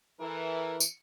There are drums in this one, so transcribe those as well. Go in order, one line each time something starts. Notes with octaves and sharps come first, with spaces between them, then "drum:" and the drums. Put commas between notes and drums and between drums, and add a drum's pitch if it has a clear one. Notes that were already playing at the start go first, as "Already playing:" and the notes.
E3 A4 A#4
drum: tambourine